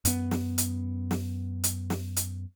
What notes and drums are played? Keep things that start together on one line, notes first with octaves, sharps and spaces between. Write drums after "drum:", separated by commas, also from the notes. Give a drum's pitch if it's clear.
F#2 B3, drum: hi-hat
drum: snare
drum: hi-hat
drum: snare
drum: hi-hat
drum: snare
drum: hi-hat